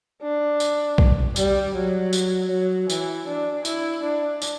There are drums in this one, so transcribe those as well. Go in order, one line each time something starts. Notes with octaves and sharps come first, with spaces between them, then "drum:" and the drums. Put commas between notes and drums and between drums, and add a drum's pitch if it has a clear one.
D4
drum: tambourine
drum: kick B1
G3, drum: tambourine
F#3
drum: tambourine
F#3
E3, drum: tambourine
D4
E4, drum: tambourine
D4
drum: tambourine